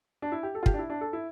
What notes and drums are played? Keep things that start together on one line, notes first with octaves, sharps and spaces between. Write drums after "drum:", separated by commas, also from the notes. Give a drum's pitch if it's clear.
D4
E4
G4
A4
F4
G4, drum: kick
D4
E4
D4
A4
E4